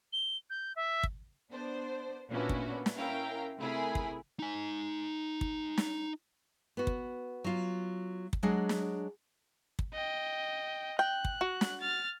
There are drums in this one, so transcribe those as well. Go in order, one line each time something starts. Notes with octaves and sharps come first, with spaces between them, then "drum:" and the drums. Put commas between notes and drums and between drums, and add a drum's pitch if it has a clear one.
G7
G6
E5
drum: kick
B3 D4 C5
A#2 B3 C#4 D4 E4 F#4
drum: kick
drum: snare
C#4 E4 A#4 F5 G5 A#5
C3 A3 E4 G#4 A#4 B5
drum: kick
D#4 G#5
drum: kick
drum: snare
B3 F#4
drum: kick
F#3 F4
drum: kick
F#3 G#3 D4 G#4 F#5
drum: snare
drum: kick
D#5 G5
G5 F#6
drum: kick
F#4
drum: snare
F6 A6